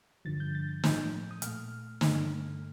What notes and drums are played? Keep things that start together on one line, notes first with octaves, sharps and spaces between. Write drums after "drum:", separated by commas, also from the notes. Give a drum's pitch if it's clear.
G2 D3 F3 A6
G6
A6
A6
A2 F3 A3 G6, drum: snare
D#6
A#2 A3 F6, drum: hi-hat
G2 D3 A3, drum: snare